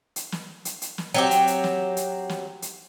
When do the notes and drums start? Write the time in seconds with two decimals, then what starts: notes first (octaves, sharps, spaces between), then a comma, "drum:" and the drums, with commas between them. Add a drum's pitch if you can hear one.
0.16 drum: hi-hat
0.32 drum: snare
0.65 drum: hi-hat
0.82 drum: hi-hat
0.98 drum: snare
1.14 F#3 C4 G4
1.31 drum: hi-hat
1.47 drum: hi-hat
1.64 drum: snare
1.97 drum: hi-hat
2.29 drum: snare
2.62 drum: hi-hat